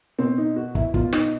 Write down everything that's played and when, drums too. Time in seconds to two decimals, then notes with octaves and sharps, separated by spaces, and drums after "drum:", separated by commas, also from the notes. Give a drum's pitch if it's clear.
0.19 B2 C4
0.38 D#4
0.56 F#4
0.75 E4, drum: kick
0.94 B2 F4, drum: kick
1.13 D#4, drum: snare